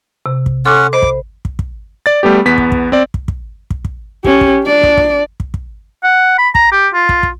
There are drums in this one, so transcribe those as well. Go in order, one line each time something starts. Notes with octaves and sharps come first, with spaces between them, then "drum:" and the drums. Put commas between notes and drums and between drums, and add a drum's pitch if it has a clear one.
C3
drum: kick
C#4 A4 F#5 C6 D6
C5 D#5 B5 D6
drum: kick
drum: kick
drum: kick
D5 A6
G3 A3 B3 G4
E2 B3 B6
drum: kick
drum: kick
C4 D5
drum: kick
drum: kick
drum: kick
drum: kick
C#4 G4, drum: kick
drum: kick
D4 D5
drum: kick
drum: kick
drum: kick
drum: kick
F#5
B5
A#5, drum: kick
G4
F4
drum: kick
drum: kick